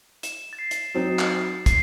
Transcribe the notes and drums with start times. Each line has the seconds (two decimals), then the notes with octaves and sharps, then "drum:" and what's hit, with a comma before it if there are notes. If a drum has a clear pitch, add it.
0.23 E7, drum: hi-hat
0.53 A6
0.59 C7
0.71 drum: hi-hat
0.94 F#3 C4 D#4
1.19 drum: clap
1.66 C7, drum: kick, hi-hat